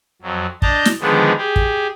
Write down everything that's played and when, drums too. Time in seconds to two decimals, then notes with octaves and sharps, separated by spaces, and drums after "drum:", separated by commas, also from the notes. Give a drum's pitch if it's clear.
0.22 F2 F#3
0.62 D4 D#5 A5 A#5 G6, drum: kick
0.85 drum: snare
1.01 D3 D#3 F3 G#3 B3 D4
1.37 G4 G#4
1.56 drum: kick